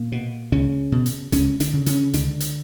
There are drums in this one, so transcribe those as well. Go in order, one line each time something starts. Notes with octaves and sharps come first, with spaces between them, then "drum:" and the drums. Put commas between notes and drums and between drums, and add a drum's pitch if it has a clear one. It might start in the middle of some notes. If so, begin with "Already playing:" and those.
Already playing: A#2 A#3
B2
C#2 C#3 C#4
B2
drum: hi-hat
C#2 C#3 C#4, drum: hi-hat
D3 D4, drum: hi-hat
C#3
C#3 C#4, drum: hi-hat
C#2 D3 D4, drum: hi-hat
drum: hi-hat